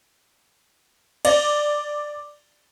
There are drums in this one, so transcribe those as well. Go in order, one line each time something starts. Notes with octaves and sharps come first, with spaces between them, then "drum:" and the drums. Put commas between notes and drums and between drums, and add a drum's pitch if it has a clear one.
D5, drum: cymbal